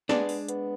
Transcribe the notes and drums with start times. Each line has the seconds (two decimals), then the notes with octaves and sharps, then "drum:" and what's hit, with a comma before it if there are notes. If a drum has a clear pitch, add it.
0.09 G#3 B3 D4 G#4 D5, drum: snare
0.29 drum: open hi-hat
0.49 B3, drum: hi-hat